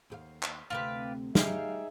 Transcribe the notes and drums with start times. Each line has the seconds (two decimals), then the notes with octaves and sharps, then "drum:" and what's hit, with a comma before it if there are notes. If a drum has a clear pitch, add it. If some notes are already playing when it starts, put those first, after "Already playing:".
0.10 D#2 G4 F5
0.43 drum: clap
0.70 D2 C3 F4 G4 B4
1.35 G3 D#4 G4 G#4 C#5 E5 F5, drum: snare